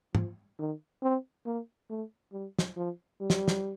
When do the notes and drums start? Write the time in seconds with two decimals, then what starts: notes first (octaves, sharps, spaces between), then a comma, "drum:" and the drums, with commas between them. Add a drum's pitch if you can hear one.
0.15 F3, drum: tom
0.59 D#3
1.03 C4
1.46 A#3
1.90 A3
2.33 G3
2.59 drum: snare
2.76 F3
3.21 G3
3.30 drum: snare
3.48 drum: snare